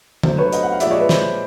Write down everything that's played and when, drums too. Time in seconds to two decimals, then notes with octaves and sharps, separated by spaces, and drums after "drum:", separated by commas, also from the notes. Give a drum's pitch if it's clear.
0.23 F#3 A3 D4 C5, drum: tom
0.38 B4 C#5
0.53 D#5 F5, drum: hi-hat
0.63 F#5
0.72 F5
0.80 A#2 F3 G#3 D5 E5, drum: hi-hat
0.90 C#5 D#5
1.00 B4
1.09 C5, drum: snare